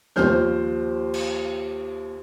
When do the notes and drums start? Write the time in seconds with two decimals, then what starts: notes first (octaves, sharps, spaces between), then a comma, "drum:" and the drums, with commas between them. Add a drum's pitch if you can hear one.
0.16 D#2 F3 C5 F6 G6, drum: snare
1.14 drum: cymbal